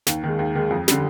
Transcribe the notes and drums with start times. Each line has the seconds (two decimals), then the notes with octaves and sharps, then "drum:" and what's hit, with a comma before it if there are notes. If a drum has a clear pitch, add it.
0.07 D#2, drum: snare
0.23 D#3 G#3
0.39 D#2
0.55 D#3 G#3
0.71 F2
0.88 D3 G3, drum: snare